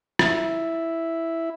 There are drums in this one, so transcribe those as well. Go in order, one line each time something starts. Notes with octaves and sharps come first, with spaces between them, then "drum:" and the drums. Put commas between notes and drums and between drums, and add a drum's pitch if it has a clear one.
E4, drum: rim click